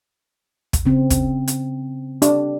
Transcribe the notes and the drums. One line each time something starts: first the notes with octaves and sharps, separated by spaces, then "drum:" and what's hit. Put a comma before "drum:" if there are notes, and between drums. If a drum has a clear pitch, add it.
drum: kick, hi-hat
C#3 C4
drum: kick, hi-hat
drum: hi-hat
D4 G4, drum: hi-hat